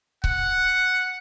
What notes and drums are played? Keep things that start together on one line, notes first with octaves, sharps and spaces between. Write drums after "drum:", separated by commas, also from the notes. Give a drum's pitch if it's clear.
F#5, drum: kick C#1